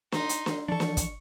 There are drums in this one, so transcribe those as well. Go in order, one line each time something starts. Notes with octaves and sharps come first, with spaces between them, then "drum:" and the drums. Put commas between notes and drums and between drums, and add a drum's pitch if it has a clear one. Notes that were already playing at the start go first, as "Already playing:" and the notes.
D#4 C6, drum: snare
drum: hi-hat
drum: snare
E3 F3 D4 A4 C#6
drum: snare
drum: kick, hi-hat